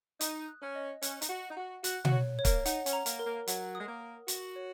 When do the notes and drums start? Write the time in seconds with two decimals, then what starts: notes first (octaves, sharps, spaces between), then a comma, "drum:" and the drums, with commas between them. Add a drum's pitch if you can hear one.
0.21 D#4 D#6, drum: hi-hat
0.48 F#6
0.62 C#4
0.75 D#5
1.02 C#4 F#6, drum: hi-hat
1.22 D#4, drum: hi-hat
1.30 F#4 F#5
1.50 D#4
1.57 F#4 F#5
1.84 F#4 F#6, drum: hi-hat
2.05 F#4, drum: tom B2
2.11 C#5
2.39 C#5
2.45 A#3, drum: kick, hi-hat
2.66 D#4 F#5, drum: hi-hat
2.86 C#4, drum: hi-hat
2.93 A#5
3.06 A#3, drum: hi-hat
3.19 A#4
3.27 A#3
3.47 F#3 F#5, drum: hi-hat
3.75 D#6
3.80 G#3
3.88 A#3
4.01 A#4
4.28 F#4 C#6, drum: hi-hat
4.56 C#5